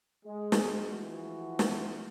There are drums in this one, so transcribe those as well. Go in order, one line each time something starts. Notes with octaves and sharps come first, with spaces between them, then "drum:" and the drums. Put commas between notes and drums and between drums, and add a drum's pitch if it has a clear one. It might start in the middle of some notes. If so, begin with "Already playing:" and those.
G#3
drum: snare
E3 F3 F#4
drum: snare